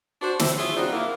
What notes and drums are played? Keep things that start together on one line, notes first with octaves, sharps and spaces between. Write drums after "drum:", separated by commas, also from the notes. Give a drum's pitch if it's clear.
D4 F#4 C5
C4 E4, drum: snare
F#3 F4 G#4 C#5 E5
G3 C4 D4 D#4 F4 F#4
A#2 A#3 E4